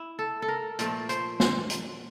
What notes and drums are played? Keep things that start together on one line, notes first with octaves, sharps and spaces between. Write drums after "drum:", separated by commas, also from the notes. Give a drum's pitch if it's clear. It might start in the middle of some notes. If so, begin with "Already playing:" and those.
Already playing: E4
A4
A4
A#4
A#2 F3 A3 D5, drum: hi-hat
C5, drum: hi-hat
C5, drum: snare
drum: hi-hat